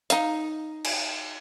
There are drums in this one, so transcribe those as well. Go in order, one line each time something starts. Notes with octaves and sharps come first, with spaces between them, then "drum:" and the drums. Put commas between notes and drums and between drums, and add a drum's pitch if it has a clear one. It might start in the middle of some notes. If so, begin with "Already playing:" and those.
D#4 F5, drum: hi-hat
drum: cymbal